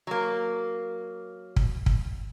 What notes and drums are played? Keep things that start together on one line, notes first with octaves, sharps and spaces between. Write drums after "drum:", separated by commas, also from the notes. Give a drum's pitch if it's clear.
F#3 A#3
drum: kick
drum: kick